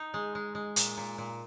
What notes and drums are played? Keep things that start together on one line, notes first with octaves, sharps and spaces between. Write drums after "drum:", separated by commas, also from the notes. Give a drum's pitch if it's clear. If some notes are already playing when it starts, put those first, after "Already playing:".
Already playing: D#4
G#3
G#3
G#3
A#2, drum: hi-hat
A#2
A#2